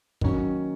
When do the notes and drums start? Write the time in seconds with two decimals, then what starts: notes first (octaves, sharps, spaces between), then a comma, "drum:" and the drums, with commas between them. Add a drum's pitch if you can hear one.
0.21 D#3 F#3 C#4, drum: kick